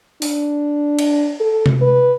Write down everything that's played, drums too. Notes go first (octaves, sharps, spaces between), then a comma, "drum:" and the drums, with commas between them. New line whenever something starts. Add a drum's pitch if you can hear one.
D4, drum: open hi-hat
drum: cymbal
A4
drum: tom C3
B4